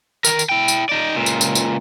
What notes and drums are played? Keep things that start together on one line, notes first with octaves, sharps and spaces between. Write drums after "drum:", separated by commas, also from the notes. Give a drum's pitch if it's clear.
D#3 A#4, drum: tambourine
drum: tambourine
E4 G5
drum: tambourine
D#4 D5
C#2 A#2
drum: tambourine
drum: tambourine
drum: tambourine